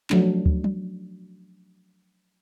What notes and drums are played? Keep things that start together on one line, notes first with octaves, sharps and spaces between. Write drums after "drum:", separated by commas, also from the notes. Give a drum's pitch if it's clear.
F3 F#3 A3 D4, drum: clap
drum: kick D2
drum: tom F#3